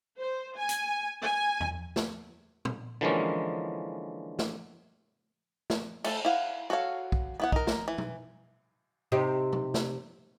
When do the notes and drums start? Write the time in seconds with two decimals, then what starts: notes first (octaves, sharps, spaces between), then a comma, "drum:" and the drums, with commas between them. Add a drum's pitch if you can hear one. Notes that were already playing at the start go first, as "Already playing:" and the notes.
0.18 C5
0.57 G#5
0.69 drum: hi-hat
1.22 G#5
1.60 drum: tom E2
1.96 drum: snare
2.65 drum: tom A#2
3.01 D3 E3 F3 G#3 A#3 C#4
4.39 drum: snare
5.70 drum: snare
6.04 A3 A4, drum: cymbal
6.25 E4 F5 F#5
6.70 F#4 A4 C#5 F5
7.12 drum: kick
7.40 B3 E4 F#5
7.52 D#4 A#4, drum: kick
7.67 drum: snare
7.88 E3
7.98 drum: tom B2
9.12 C3 D#4 G4
9.53 drum: tom B2
9.74 drum: snare